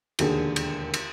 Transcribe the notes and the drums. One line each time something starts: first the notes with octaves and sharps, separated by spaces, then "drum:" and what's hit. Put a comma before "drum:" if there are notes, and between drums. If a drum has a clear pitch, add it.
E1 D#2 D3 G#4, drum: cymbal
drum: cymbal
drum: cymbal